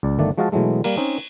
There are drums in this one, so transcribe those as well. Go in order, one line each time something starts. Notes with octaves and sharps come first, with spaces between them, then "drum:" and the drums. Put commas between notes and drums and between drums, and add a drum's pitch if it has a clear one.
C#2 D5
G1 D#3 A3 D4 D5
F3 G#3 F#4 D#5 F5 A5
B2 E3 F#3 G#3 A3
G3 A#3 A#4, drum: cymbal
C4 C#4 D#4